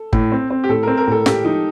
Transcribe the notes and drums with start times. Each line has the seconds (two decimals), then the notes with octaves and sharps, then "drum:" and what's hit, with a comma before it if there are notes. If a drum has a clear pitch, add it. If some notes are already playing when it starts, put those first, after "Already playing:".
Already playing: A4
0.13 A2, drum: kick
0.32 C4
0.50 C4
0.64 G4
0.69 A2 A4
0.83 C4 A#4
0.97 A#4
1.07 A2 A4
1.26 A2 G4, drum: snare
1.44 F3 D#4